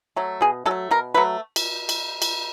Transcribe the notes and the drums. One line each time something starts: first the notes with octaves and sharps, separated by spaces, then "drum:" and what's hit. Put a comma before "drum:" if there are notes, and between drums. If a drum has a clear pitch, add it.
F#3 A3
B2 G#4
F#3 A4
A3
B2 A#4
F#3 A3 B4
drum: cymbal
drum: cymbal
drum: cymbal